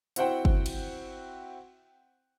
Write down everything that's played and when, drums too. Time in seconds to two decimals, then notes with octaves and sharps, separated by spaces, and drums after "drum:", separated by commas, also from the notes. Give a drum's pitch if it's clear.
0.16 C4 E4 F#4 C5 F#5 G5, drum: hi-hat
0.45 drum: kick G1
0.66 drum: cymbal